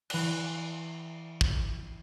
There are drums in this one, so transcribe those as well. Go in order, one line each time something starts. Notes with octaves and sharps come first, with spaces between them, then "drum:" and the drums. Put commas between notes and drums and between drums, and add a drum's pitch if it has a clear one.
E3 F#6, drum: cymbal
drum: kick